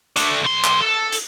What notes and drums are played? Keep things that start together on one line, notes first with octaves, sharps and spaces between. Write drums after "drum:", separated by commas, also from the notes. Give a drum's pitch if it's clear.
A3 D4, drum: hi-hat
B1 C6
drum: clap
A4
drum: hi-hat